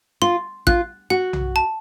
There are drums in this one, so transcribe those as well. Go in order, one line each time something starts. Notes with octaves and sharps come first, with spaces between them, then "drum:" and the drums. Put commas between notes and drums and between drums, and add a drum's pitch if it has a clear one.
F4 C6
F4 F#6, drum: kick A1
F#4 F#5
drum: tom B1
A5